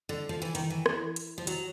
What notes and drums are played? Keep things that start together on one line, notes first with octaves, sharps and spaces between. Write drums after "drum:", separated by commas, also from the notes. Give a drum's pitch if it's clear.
D3
F3
E3
D#3, drum: hi-hat
E3
drum: rim click
drum: hi-hat
F3
F#3, drum: hi-hat